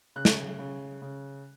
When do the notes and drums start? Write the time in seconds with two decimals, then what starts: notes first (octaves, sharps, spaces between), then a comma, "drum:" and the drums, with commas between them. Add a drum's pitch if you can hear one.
0.16 C#3 F#6
0.25 drum: snare
0.59 C#3
1.02 C#3